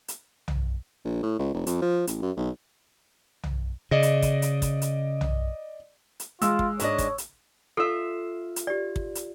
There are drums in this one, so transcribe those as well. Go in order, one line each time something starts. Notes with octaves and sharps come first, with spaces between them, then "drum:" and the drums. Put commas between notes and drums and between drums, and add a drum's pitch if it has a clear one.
drum: hi-hat
drum: tom
A#1
A2
C#2
F1
F2, drum: hi-hat
F3
A1, drum: hi-hat
F#2
B1
drum: tom
C#3 D5 D#5 A#6
drum: hi-hat
drum: kick, hi-hat
drum: hi-hat
drum: kick, hi-hat
drum: hi-hat
drum: tom
drum: hi-hat
G#3 F4 E6, drum: hi-hat
drum: kick
G#2 D4 C#5 D#5, drum: hi-hat
drum: kick, hi-hat
drum: hi-hat
F4 A4 E5
drum: hi-hat
G4 D5
drum: kick
drum: hi-hat